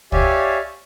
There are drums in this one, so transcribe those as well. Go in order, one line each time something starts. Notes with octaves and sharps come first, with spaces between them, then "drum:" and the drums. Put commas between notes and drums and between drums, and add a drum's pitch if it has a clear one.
G4 C#5 D5 E5 F5 G#5, drum: kick